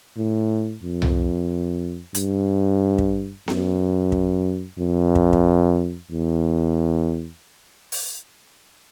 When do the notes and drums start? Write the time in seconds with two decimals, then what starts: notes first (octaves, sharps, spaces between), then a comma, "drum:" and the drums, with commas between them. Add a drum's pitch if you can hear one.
0.17 A2
0.83 F2
1.02 drum: tom C2
2.15 G2, drum: hi-hat
2.98 drum: kick
3.48 F#2, drum: snare B3
4.12 drum: kick
4.79 F2
5.15 drum: kick
5.33 drum: kick
6.11 E2
7.92 drum: open hi-hat